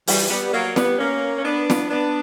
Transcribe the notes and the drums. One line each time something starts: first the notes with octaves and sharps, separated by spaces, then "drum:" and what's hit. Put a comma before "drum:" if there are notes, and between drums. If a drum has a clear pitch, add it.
E3 G3, drum: open hi-hat
G3 B3
F#3 A#3
G3 B3, drum: snare
A#3 C#4
C#4
B3 D4
drum: snare
B3 D4